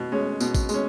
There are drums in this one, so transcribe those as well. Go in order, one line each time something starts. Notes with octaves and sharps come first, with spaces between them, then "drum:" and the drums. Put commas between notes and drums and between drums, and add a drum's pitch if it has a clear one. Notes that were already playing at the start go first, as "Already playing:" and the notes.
Already playing: B2
G#3 C#4
B2, drum: tambourine
drum: kick, tambourine
G#3 C#4, drum: tambourine